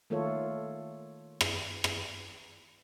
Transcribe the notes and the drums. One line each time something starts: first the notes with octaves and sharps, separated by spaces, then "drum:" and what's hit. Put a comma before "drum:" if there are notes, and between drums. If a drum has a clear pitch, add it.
D#3 A3 A#3 F4 A4 C#5
drum: rim click
drum: rim click